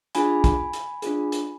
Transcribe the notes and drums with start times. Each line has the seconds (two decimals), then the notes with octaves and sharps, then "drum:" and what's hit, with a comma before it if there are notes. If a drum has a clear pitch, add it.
0.15 D4 F4 G#4 G#5 B5, drum: hi-hat
0.44 drum: kick, hi-hat
0.73 drum: hi-hat
1.02 D4 F4 G#4, drum: hi-hat
1.32 drum: hi-hat